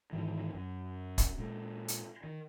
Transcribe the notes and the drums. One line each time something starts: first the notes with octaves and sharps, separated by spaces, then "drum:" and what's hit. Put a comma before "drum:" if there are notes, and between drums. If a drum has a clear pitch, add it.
G#2 D#3 E3
F#2
drum: kick, hi-hat
A#2 G#3
drum: hi-hat
D#3